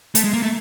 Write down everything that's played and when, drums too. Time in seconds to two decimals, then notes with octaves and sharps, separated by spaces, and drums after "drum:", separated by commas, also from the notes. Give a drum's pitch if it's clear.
0.15 A3, drum: hi-hat
0.24 G#3
0.33 A#3
0.43 A3